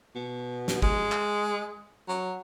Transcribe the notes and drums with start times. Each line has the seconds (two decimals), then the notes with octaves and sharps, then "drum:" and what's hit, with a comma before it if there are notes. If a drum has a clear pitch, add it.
0.15 B2
0.68 drum: snare
0.82 G#3, drum: kick
1.12 drum: clap
2.08 F#3